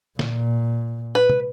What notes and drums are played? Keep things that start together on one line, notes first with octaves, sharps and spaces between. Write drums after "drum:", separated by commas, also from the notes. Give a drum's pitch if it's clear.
A#2, drum: snare
B4
drum: tom